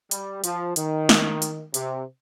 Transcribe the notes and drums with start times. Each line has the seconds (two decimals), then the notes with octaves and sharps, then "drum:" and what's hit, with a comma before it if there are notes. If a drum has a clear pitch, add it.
0.11 G3, drum: hi-hat
0.44 F3, drum: hi-hat
0.76 D#3, drum: hi-hat
1.09 drum: snare
1.42 drum: hi-hat
1.74 C3, drum: hi-hat